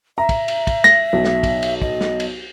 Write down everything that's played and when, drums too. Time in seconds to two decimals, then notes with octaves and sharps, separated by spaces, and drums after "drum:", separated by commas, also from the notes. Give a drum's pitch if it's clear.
0.18 E5 A#5
0.29 drum: kick, cymbal
0.48 drum: cymbal
0.67 drum: kick, cymbal
0.84 A#6, drum: snare
1.13 B1
1.24 drum: snare
1.43 drum: kick, cymbal
1.62 drum: cymbal
1.82 D#5, drum: kick
2.01 drum: snare
2.20 drum: cymbal